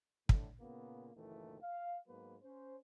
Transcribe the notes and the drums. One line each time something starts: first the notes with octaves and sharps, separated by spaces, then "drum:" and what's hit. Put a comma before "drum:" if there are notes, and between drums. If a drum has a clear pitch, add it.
A2 D3, drum: kick
A#2 C#3 A#3 B3
F#1 A#2 D#3 E3 A3
F5
G#2 F#3 A#3 B3 B4
C#4 C5